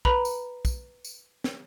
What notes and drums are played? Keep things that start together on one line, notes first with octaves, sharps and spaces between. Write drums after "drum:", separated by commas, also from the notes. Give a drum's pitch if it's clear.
B4 A#5 B5, drum: kick
drum: tambourine
drum: kick, tambourine
drum: tambourine
drum: snare